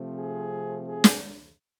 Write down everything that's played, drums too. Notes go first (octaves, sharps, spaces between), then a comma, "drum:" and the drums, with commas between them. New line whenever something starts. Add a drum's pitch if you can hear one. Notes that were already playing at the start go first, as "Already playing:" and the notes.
Already playing: C3 F3 A3 C4
G#4
G#4
drum: snare